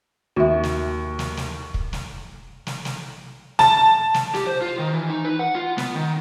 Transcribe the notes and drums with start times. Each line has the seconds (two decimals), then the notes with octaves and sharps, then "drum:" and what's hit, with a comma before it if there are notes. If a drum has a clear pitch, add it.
0.36 D#2 F#4 E5
0.63 drum: snare
1.19 drum: snare
1.37 drum: snare
1.74 drum: kick
1.93 drum: snare
2.67 drum: snare
2.85 drum: snare
3.59 A5, drum: snare
4.14 drum: snare
4.35 G4, drum: snare
4.47 C5
4.62 F4
4.79 D#3
4.94 E3
5.10 D#4
5.25 B4
5.39 F#5
5.55 F4
5.78 B3, drum: snare
5.95 D#3